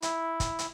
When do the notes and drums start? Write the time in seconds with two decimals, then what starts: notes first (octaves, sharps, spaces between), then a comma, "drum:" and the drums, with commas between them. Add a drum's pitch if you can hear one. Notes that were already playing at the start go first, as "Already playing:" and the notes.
0.02 E4, drum: hi-hat
0.40 drum: kick, hi-hat
0.59 drum: hi-hat